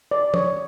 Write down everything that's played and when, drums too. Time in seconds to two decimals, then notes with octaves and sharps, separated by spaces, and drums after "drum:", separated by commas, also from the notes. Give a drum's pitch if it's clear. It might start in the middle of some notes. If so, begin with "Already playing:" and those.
0.11 D5
0.34 C#5, drum: tom